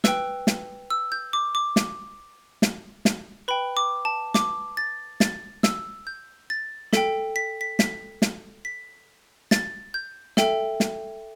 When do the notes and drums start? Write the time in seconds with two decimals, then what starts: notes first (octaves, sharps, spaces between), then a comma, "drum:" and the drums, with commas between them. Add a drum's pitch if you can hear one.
0.04 B4 G5 E6, drum: snare
0.47 drum: snare
0.90 E6
1.12 G6
1.33 D6
1.55 D6
1.76 drum: snare
2.62 drum: snare
3.05 drum: snare
3.48 B4 G5 B5
3.77 D6
4.05 A5
4.34 D6, drum: snare
4.77 A6
5.20 A6, drum: snare
5.63 E6, drum: snare
6.07 G6
6.50 A6
6.93 A4 G5 B6, drum: snare
7.36 B6
7.61 B6
7.79 B6, drum: snare
8.22 drum: snare
8.65 B6
9.51 A6, drum: snare
9.94 G6
10.37 A4 E5 G5, drum: snare
10.80 drum: snare